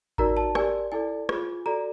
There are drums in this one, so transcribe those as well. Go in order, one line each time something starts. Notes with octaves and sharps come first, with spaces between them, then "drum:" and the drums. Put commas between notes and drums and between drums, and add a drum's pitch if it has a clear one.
D#4 F#4 A#4 D5 A#5, drum: kick A1
A5
G4 A#4 D5 G#5, drum: rim click
E4 A4 D5 G#5
F4 G#4 C5, drum: rim click
F#4 A4 D5 A#5